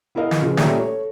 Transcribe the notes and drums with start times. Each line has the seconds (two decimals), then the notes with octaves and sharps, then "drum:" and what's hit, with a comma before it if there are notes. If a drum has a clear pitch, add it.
0.15 B3 E4 G#4 A#4 D#5 F5
0.31 drum: snare
0.41 C#3 F3 F4 G#4 B4
0.57 A#2 G3 A3 C#4 E5 A#5, drum: snare
0.78 A3 C#5